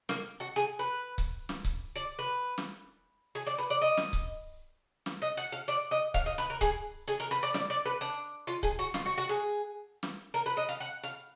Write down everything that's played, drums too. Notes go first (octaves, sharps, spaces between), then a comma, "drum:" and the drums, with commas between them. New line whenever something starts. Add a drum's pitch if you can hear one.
A#3, drum: snare
F#4
G#4
B4
drum: kick C#1
drum: snare
drum: kick C#1
D5
B4
drum: snare
G#4
D5
B4
D5
D#5
drum: snare
drum: kick C#1
drum: snare
D#5
F#5
F5
D5
D#5
F5, drum: kick C#1
D#5
B4
A#4
G#4, drum: kick C#1
G#4
A#4
B4
D5
D5, drum: snare
D5
B4
D4
F4
G#4, drum: kick C#1
F#4
F4, drum: snare
F#4
F#4
G#4
drum: snare
A#4
B4
D#5
F5
F#5
F5